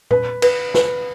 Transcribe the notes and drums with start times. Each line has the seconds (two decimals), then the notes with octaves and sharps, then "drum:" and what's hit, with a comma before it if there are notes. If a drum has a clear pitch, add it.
0.11 B4, drum: tom A#2
0.42 B4, drum: cymbal
0.74 B4, drum: snare